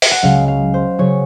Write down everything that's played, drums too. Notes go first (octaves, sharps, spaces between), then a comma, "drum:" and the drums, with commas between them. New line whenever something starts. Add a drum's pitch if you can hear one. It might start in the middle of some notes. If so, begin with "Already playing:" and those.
drum: open hi-hat
F#5
C#2 C#3 F#3 F5
F5
C5
C#3 F#3 C#5